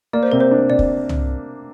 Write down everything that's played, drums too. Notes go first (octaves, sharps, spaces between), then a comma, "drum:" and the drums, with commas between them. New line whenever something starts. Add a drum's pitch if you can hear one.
A#3 D5
C5
C3 A#4
C5
D4
C3 D5
drum: kick
drum: tom